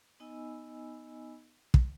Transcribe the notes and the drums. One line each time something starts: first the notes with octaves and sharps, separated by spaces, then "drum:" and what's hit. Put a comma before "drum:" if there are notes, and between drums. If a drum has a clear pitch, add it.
B3 D#4 D#5 G#5 B5 E6
drum: kick